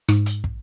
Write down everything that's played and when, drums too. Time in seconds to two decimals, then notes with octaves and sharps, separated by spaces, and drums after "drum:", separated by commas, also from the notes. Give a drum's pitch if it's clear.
0.09 G#2, drum: rim click
0.26 drum: hi-hat
0.44 drum: kick